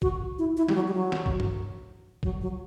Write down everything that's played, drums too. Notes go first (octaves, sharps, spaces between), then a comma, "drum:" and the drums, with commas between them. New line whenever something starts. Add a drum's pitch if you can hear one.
F#4, drum: kick
E4
E4
G3, drum: snare
F#3
G3
F#3
drum: snare
drum: kick
drum: tom G2
F#3, drum: kick
F#3